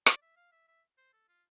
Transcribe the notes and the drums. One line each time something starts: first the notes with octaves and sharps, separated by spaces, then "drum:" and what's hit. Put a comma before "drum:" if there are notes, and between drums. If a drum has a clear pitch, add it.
D5, drum: rim click
E5
F5
E5
E5
C5
A4
F4